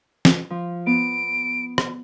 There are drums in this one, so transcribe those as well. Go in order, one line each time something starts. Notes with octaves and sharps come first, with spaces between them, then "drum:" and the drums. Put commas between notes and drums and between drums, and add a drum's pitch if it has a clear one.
drum: snare
F3
B3 D7
drum: rim click